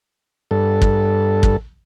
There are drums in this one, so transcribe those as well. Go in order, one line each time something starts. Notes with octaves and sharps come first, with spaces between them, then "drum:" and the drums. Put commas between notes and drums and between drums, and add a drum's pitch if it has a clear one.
G2 A4
drum: kick
drum: kick